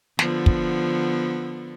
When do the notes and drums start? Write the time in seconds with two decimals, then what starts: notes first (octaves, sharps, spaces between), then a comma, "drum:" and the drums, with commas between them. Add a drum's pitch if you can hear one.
0.19 D3 F3 B3, drum: snare
0.46 drum: kick